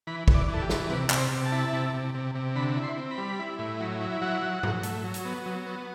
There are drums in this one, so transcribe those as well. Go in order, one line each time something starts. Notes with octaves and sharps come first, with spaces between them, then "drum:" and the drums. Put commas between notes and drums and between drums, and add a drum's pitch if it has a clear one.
E3 B5
E3, drum: kick
D5
E3
A4
G4
E3, drum: snare
C3 B4
C3, drum: clap
C5
C3
A5
E4
C3
C3
C3
C3
D3 B5
E4
C6
C4
B5
G3
E4
A2
F#3
E4
F#3 F#5
F#3
F#3, drum: tom G#2
A3, drum: hi-hat
F#3
drum: hi-hat
B3
F#3
B3